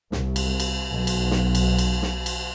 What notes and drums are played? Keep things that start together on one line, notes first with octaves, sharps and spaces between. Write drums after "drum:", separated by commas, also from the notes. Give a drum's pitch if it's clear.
C2, drum: snare
drum: cymbal
drum: cymbal
B1
drum: cymbal
drum: snare
drum: cymbal
drum: cymbal
drum: snare
drum: cymbal